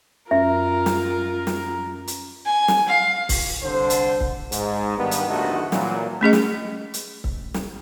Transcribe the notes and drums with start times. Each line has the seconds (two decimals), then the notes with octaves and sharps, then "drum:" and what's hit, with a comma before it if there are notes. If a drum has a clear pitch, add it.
0.31 F#2 F4 A#4 E5
0.86 drum: snare
1.47 drum: snare
2.07 drum: hi-hat
2.45 G#5
2.68 drum: snare
2.88 F5
3.29 drum: kick, open hi-hat
3.64 C2 D3 C5
3.90 drum: hi-hat
4.20 drum: kick
4.52 G#2, drum: hi-hat
4.98 G2 D#3 B3
5.11 drum: hi-hat
5.28 A#1 D#2 D3 A3 D#4 F#4
5.72 A#2 E3 F#3, drum: snare
6.21 A3 C#4 G#4 D#5
6.33 drum: snare
6.94 drum: hi-hat
7.24 drum: kick
7.54 drum: snare